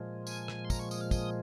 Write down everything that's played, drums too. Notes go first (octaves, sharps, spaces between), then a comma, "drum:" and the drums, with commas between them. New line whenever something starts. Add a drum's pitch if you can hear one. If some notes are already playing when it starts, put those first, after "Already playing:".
Already playing: A#2 F3 G#3
G#5, drum: tambourine
drum: rim click
C6
A#5, drum: kick, tambourine
C#6
D#6, drum: tambourine
F6
D#6, drum: kick, tambourine